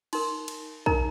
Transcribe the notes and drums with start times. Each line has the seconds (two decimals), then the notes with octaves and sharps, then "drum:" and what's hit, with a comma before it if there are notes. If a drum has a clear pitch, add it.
0.13 D#4 A#4 C6, drum: cymbal
0.48 drum: cymbal
0.86 D#4 A#4 A#5, drum: kick